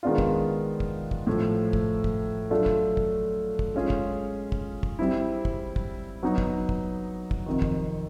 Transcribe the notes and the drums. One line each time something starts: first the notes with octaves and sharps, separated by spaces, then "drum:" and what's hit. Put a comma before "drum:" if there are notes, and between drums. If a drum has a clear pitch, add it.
D#3 G#3 B3 D4 F4
drum: kick
drum: kick
drum: kick
A2 F3 A3
drum: kick
drum: kick
F#3 A3 D4 F4 A4
drum: kick
drum: kick
drum: kick
G#3 C#4 F4 G#4
drum: kick
drum: kick
drum: kick
G3 C4 E4
drum: kick
drum: kick
F#3 B3 D#4
drum: kick
drum: kick
drum: kick
F2 C3 D#3
drum: kick